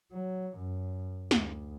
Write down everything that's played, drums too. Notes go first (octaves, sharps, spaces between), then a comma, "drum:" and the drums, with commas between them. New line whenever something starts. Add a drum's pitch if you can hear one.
F#3
F#2
D2, drum: snare